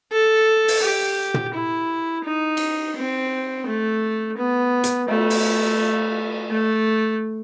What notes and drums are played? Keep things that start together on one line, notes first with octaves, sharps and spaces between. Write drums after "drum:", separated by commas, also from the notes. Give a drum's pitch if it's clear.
A4
drum: open hi-hat
G4
drum: tom
E4
D#4
drum: cymbal
C4
A3
B3
drum: hi-hat
A3, drum: cymbal
drum: open hi-hat
A3